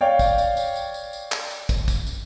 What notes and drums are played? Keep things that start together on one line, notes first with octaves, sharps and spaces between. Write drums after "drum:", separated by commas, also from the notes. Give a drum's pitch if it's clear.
C#5 D5 F5 G5
drum: kick, tambourine
drum: tambourine
drum: tambourine
drum: tambourine
drum: tambourine
drum: tambourine
drum: clap
drum: tambourine
drum: kick, tambourine
drum: kick, tambourine
drum: tambourine